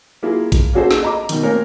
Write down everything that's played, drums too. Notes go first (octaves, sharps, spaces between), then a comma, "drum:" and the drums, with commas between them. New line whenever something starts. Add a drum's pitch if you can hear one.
F#3 A#3 E4 F4 G#4
drum: kick A1, hi-hat
A#3 C#4 F#4 G#4 A4 C5
drum: snare
D#5 A#5 D6
B2 D#3, drum: hi-hat
A3 A#3 C4 A#4 C#5 G#5